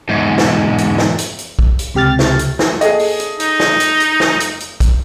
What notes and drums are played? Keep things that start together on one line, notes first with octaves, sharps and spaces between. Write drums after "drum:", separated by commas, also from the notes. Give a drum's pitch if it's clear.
E2 G#2
drum: snare
drum: hi-hat
drum: snare
drum: hi-hat
drum: hi-hat
drum: kick
drum: hi-hat
C#2 C3 G4 F6 A6
drum: snare
drum: hi-hat
drum: snare
G#4 A4 D#5, drum: hi-hat
drum: open hi-hat
drum: hi-hat
D#4, drum: hi-hat
drum: snare
drum: hi-hat
drum: hi-hat
drum: snare
drum: hi-hat
drum: hi-hat
drum: kick, hi-hat